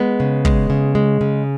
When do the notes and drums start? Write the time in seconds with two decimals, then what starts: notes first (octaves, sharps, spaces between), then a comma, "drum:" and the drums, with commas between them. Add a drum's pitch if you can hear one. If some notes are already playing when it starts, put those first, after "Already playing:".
Already playing: G#3 B3
0.20 C#3
0.45 G#3, drum: kick
0.70 C#3
0.95 G#3
1.21 C#3